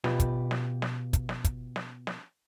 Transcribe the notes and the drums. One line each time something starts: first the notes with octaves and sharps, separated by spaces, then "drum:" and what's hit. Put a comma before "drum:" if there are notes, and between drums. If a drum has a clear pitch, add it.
B2 F4 G4 B4, drum: snare
drum: kick, hi-hat
drum: snare
drum: snare
drum: kick, hi-hat
drum: snare
drum: kick, hi-hat
drum: snare
drum: snare